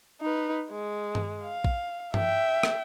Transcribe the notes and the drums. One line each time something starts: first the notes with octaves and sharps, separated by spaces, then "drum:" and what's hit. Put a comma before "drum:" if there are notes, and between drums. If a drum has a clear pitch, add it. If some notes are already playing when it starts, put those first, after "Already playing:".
D#4 B4
G#3
drum: tom G2
F5
drum: kick
E5 G5, drum: tom G2
drum: rim click